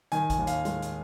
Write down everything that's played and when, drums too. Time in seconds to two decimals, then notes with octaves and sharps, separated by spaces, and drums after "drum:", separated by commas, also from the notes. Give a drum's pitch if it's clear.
0.12 D#3 G#5, drum: hi-hat
0.30 G#5, drum: kick A1, hi-hat
0.39 D#2
0.47 F5, drum: hi-hat
0.65 G#3, drum: hi-hat
0.82 drum: hi-hat